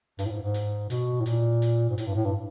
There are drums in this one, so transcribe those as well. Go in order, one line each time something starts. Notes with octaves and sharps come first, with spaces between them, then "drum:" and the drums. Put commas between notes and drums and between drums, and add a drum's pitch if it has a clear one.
G2, drum: hi-hat
A2
G#2
G#2
drum: hi-hat
B2, drum: hi-hat
A2
A#2, drum: hi-hat
drum: hi-hat
G#2
A2, drum: hi-hat
G2
A2
G2